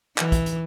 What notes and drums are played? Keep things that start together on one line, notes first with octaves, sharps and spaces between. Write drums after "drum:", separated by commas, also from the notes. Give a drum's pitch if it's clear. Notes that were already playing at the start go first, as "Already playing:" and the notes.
E3, drum: clap
drum: kick, hi-hat
drum: hi-hat